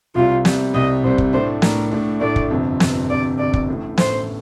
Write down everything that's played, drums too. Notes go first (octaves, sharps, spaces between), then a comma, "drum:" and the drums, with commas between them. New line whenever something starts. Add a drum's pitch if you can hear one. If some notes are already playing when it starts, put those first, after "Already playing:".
C2 C3 G3 F4
C2 C3 G3, drum: snare
C2 C3 G3 D#5
C2 C3 G3 C5
drum: kick
A2 A3 D4 C5
A2 A3 D4 A#4, drum: snare
A2 A3 D4
A2 A3 D4 D5
drum: kick
G1 F2 C3
G1 F2 C3, drum: snare
G1 F2 C3 D5
G1 F2 C3 D5
drum: kick
A1 A2 A3
A1 A2 A3 C5, drum: snare